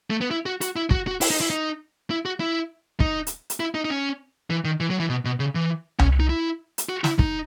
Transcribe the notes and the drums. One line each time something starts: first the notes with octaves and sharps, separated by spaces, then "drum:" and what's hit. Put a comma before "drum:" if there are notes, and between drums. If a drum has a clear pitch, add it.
A3
B3
E4
F#4
F#4, drum: hi-hat
E4
F#4, drum: kick
F#4
E4, drum: open hi-hat
D#4
E4
D#4
E4
F#4
E4
D#4, drum: kick
drum: hi-hat
drum: hi-hat
E4
D#4
D#4
C#4
E3
D#3
E3
F#3
E3
B2
B2
C#3
E3
C#4, drum: tom C2
D#4
E4
drum: hi-hat
F#4
E4, drum: snare
D#4, drum: kick